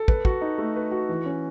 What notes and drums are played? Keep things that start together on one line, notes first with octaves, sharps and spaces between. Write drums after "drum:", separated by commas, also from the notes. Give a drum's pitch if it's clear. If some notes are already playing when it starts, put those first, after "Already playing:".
Already playing: A4
B4, drum: kick
F#4, drum: kick
D#4
A3
B4
F#4
E3
C#4